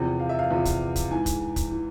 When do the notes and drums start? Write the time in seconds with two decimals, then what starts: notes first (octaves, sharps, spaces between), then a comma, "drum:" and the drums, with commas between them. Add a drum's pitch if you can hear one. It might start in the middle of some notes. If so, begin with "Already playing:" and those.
Already playing: E2 C3 F3
0.20 F5
0.29 E5
0.39 F5
0.51 E2 C3 F3
0.65 drum: kick, hi-hat
0.96 drum: kick, hi-hat
1.11 G#2 E3 G#5
1.26 drum: kick, hi-hat
1.56 drum: kick, hi-hat
1.71 E3